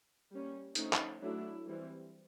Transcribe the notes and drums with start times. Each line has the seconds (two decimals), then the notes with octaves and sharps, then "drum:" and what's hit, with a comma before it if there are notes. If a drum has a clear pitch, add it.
0.31 G3 A#3 C#4
0.75 D3 F3 A3 C#4 D#4, drum: hi-hat
0.93 drum: clap
1.21 F#3 A3 D4 E4
1.66 E3 G3 C4